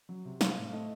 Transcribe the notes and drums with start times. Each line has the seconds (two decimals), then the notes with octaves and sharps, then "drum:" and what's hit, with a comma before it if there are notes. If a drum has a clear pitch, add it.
0.09 F#3
0.25 C3
0.41 C4 F5, drum: snare
0.57 A2
0.66 F5
0.72 A3 D#5